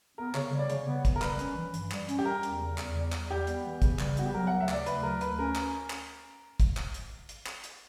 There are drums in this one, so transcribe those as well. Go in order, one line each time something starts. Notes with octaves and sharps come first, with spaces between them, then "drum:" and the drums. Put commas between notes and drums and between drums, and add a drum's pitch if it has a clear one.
B3 A#4
C#3 C#5, drum: clap
G3
D5
C#3 C#5, drum: hi-hat
B3
C#3, drum: kick, hi-hat
A#4
G3 B4, drum: clap
C#4, drum: hi-hat
E3
G2, drum: hi-hat
G3, drum: clap
C#4, drum: hi-hat
G4
G3 A#4
E2, drum: hi-hat
C#3
E2, drum: clap
G3
E2, drum: clap
G3 G4
B3, drum: hi-hat
E3
C#3, drum: kick, hi-hat
G3, drum: clap
B3 F#4, drum: hi-hat
G4
F#3 A#4
D2 F#5
E5
C#3 D5, drum: clap
D2 B4, drum: hi-hat
F#3 A#4
D2 B4, drum: hi-hat
C#4 A#4
drum: clap
drum: clap
drum: kick, hi-hat
drum: clap
drum: hi-hat
drum: hi-hat
drum: clap
drum: hi-hat